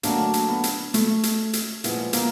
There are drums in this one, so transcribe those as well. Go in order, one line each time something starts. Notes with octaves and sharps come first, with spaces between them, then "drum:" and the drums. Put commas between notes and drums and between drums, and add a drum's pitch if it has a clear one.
D3 F#3 A3 A#3 D4 F#4, drum: hi-hat
drum: hi-hat
B3
drum: hi-hat
A3, drum: hi-hat
drum: hi-hat
drum: hi-hat
A#2 F3 G#3 B3 E4, drum: hi-hat
A#3, drum: hi-hat